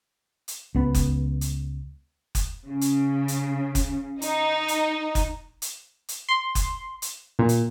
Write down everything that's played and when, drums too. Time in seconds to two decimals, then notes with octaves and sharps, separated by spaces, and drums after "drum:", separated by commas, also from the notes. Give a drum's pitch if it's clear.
0.48 drum: hi-hat
0.75 C#2 B3
0.94 drum: kick F#1, hi-hat
1.41 drum: hi-hat
2.35 drum: kick F#1, hi-hat
2.66 C#3
2.81 drum: hi-hat
3.28 drum: hi-hat
3.75 drum: kick F#1, hi-hat
4.22 D#4, drum: hi-hat
4.68 drum: hi-hat
5.15 drum: kick F#1, hi-hat
5.62 drum: hi-hat
6.09 drum: hi-hat
6.29 C6
6.55 drum: kick F#1, hi-hat
7.02 drum: hi-hat
7.39 A#2
7.49 drum: hi-hat